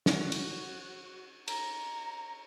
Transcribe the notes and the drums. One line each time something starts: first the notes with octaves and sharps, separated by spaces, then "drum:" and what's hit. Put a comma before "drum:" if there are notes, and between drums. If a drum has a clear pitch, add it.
F#4, drum: snare
drum: cymbal
A#5, drum: cymbal